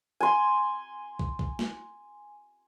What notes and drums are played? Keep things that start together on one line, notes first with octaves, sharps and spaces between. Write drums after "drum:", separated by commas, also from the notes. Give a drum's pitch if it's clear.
G#5 C6
drum: kick
drum: kick
drum: snare